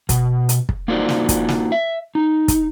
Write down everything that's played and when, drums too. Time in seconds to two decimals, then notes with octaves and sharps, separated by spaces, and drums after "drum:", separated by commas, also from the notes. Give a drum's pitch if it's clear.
0.09 B2, drum: kick, hi-hat
0.49 drum: hi-hat
0.69 drum: kick
0.88 A#3 D#4 F4 F#4 C5 D5
1.09 drum: snare
1.29 drum: kick, hi-hat
1.49 drum: snare
1.72 E5
2.15 D#4
2.48 drum: kick, hi-hat